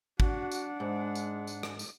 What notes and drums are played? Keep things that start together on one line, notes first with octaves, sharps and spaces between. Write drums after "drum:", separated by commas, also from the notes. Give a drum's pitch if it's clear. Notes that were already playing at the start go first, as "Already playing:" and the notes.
D4 F#4 F#5, drum: kick
drum: tambourine
G#2 G#3
drum: tambourine
drum: tambourine
drum: rim click
drum: tambourine